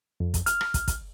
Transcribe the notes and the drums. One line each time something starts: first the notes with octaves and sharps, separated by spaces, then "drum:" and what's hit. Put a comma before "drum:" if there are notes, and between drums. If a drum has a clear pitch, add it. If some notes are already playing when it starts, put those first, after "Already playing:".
F2
drum: kick, hi-hat
F6, drum: hi-hat
drum: rim click
drum: kick, hi-hat
drum: kick, hi-hat